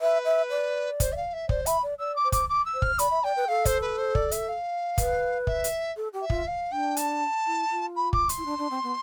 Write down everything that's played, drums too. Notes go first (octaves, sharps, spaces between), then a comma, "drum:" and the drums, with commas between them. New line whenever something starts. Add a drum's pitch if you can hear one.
B4 E5
E5
D5
C5, drum: kick, hi-hat
E5
F5
E5
C5 D5, drum: kick
E5 B5, drum: hi-hat
D5
D5 E6
D6
C5
D6, drum: kick, hi-hat
D6
E6
C5
F6, drum: kick
D5 B5, drum: hi-hat
E5
D5 G5
B4
A4 F5
C5, drum: kick, hi-hat
B4
C5
D5, drum: kick
E5, drum: hi-hat
F5
B4, drum: kick, hi-hat
E5, drum: kick
drum: hi-hat
A4
G4
E5
F4, drum: kick
F5
D4 G5
A5, drum: hi-hat
E4
F4
B5
D6, drum: kick
C6, drum: hi-hat
E4
D4
D4
C4
B3